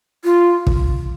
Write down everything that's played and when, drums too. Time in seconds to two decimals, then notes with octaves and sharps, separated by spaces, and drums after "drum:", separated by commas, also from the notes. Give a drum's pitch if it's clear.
0.25 F4
0.67 drum: kick